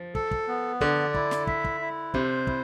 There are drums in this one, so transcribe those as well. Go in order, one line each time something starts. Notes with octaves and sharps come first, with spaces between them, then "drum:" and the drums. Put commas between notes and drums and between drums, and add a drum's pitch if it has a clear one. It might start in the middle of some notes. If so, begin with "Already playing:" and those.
Already playing: F3
A4, drum: kick
drum: kick
B3
D3 D5, drum: kick
E4, drum: kick
drum: snare
E5, drum: kick
drum: kick
E4
C3 C5, drum: kick
E4, drum: kick